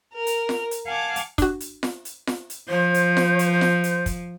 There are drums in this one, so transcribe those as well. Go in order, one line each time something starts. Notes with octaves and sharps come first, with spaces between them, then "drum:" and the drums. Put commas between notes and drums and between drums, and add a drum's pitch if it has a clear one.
A#4
drum: hi-hat
drum: snare F4
drum: hi-hat
F5 F#5 G#5 A5 D6
drum: hi-hat
D4 F#4, drum: kick, hi-hat
drum: hi-hat
drum: snare F4
drum: hi-hat
drum: snare F4
drum: hi-hat
F3 C5
drum: hi-hat
drum: snare F4
drum: hi-hat
C5
drum: snare F4
drum: hi-hat
drum: kick, hi-hat